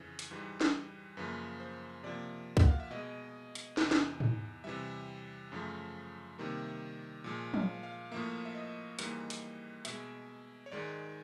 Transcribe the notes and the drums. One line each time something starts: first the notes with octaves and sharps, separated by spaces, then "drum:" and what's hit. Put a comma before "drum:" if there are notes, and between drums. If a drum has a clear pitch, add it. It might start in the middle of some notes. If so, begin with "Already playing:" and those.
Already playing: F2 C#3 E3
drum: hi-hat
G#2 E3 G3
drum: snare
F#2 C#3 F3 A#3 B4
C5
C3 F3 A#3 D5
F#5, drum: kick
F5
E5
B2 G#3 D#5
drum: hi-hat
E2 C3 E3, drum: snare
drum: snare
drum: tom G#2
C3 E3 G3 E5
F#2 C#3 F3 A3
C3 D#3 G3 A#3
A#2 F3 G#3
F5, drum: tom F3
F5
A2 F3 A#3 E5
E5
D#5
G#2 E3 G3 A#3, drum: hi-hat
drum: hi-hat
B2 G#3 E5, drum: hi-hat
C#5
G#2 D#3 G#3 D5